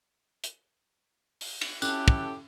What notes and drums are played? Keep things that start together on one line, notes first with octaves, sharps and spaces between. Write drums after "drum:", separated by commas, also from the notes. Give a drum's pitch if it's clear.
drum: hi-hat
drum: open hi-hat
drum: cymbal
C#4 E4 F#4 G4 A4 F#6, drum: tambourine
drum: kick